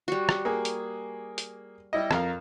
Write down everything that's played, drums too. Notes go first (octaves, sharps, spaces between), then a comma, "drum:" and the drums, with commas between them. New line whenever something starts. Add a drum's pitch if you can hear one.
G3 F#4
drum: rim click
A#3 G#4
drum: hi-hat
drum: hi-hat
G3 E4 D#5
F2 A#4 F5, drum: rim click